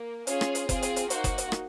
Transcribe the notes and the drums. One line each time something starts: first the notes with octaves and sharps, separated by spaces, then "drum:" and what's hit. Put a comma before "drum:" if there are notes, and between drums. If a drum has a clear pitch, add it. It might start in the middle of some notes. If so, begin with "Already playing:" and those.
Already playing: A#3
C#4 F4 G#4 C#5, drum: hi-hat
drum: rim click
drum: hi-hat
C4 F4 G#4, drum: kick F#1, hi-hat
drum: hi-hat
drum: hi-hat
A#3 D#4 F#4 C5, drum: hi-hat
drum: kick F#1, hi-hat
drum: hi-hat
drum: rim click